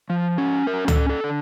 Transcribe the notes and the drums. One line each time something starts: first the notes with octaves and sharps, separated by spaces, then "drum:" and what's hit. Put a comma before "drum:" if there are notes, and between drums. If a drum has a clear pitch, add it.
F3
C#4
F#3 A#4
A4, drum: tom C#2
C#4
A4
D3